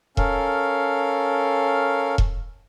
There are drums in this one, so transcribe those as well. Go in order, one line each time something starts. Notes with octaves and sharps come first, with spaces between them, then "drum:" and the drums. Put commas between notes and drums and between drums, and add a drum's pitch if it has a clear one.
C#4 A4 A#4 F5, drum: kick E1
drum: kick E1